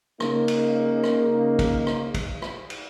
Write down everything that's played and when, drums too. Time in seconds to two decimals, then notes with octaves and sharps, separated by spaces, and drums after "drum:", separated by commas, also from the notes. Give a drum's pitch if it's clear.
0.20 C#3 A#3 D#4, drum: rim click
0.48 drum: cymbal
1.04 drum: rim click
1.59 drum: kick, cymbal
1.87 drum: rim click
2.14 drum: kick, cymbal
2.42 drum: rim click
2.70 drum: cymbal